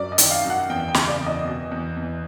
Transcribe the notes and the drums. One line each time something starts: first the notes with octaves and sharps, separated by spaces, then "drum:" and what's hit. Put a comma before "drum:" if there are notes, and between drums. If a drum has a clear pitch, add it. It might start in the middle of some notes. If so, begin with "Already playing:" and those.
Already playing: F#2 D5
D#5
D#3, drum: hi-hat
F5
F#2
F#5
E2 G5
G5
C#3, drum: snare
D5
E2
D#5
B2
E2
E2